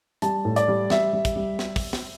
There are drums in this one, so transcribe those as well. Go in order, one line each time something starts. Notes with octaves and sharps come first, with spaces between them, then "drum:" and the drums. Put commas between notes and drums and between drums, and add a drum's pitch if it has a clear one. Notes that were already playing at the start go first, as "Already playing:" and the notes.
G3 A5, drum: hi-hat
A2
D5, drum: hi-hat
G3
G3 E5, drum: snare
G3
drum: kick, hi-hat
G3
drum: snare
drum: kick, open hi-hat
drum: snare